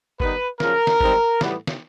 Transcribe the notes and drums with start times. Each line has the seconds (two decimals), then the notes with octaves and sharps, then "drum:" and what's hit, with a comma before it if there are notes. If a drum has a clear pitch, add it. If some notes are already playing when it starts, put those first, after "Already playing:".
0.20 D#3 G3 B3 D#4 B4, drum: kick G1
0.60 F#2 C#3 F3 A#4, drum: snare
0.87 drum: snare
1.01 G#2 D#3 G3 C4 D#4, drum: kick G1
1.41 A2 E3 G3 B3, drum: snare
1.67 drum: snare